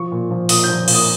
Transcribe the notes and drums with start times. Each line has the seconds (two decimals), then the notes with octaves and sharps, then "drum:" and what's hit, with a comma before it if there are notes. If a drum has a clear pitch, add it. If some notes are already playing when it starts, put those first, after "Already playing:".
Already playing: F3 C#6
0.11 A#2
0.31 F3
0.49 A#2 D#6, drum: open hi-hat
0.63 G6
0.69 F3
0.88 A#2, drum: cymbal
0.93 D#6